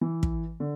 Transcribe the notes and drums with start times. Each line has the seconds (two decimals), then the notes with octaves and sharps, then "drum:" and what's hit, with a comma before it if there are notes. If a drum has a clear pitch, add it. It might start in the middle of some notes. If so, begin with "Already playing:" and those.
0.01 E3
0.23 drum: kick
0.60 D3